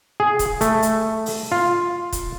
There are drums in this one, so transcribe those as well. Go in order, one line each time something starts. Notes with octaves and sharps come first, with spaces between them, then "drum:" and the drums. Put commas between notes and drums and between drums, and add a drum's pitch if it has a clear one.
G#4
drum: kick, hi-hat
A3, drum: hi-hat
drum: hi-hat
drum: open hi-hat
F4
drum: kick, hi-hat